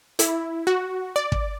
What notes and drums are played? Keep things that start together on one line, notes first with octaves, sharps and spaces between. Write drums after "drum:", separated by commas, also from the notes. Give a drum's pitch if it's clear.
E4, drum: hi-hat
F#4
D5
drum: kick